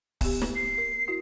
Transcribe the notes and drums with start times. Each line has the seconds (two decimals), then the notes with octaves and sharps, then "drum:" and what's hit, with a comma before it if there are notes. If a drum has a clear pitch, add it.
0.21 B3 G4, drum: kick C#1, open hi-hat
0.41 drum: snare
0.56 C7
0.78 A#4
1.08 E4 F#4